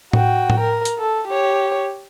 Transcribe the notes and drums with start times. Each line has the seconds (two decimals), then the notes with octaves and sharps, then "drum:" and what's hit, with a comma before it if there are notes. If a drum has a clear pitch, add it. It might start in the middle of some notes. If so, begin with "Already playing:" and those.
0.13 F#4 G5, drum: tom A2
0.50 drum: tom A2
0.61 A#4
0.85 drum: hi-hat
0.99 A4
1.28 G4 C#5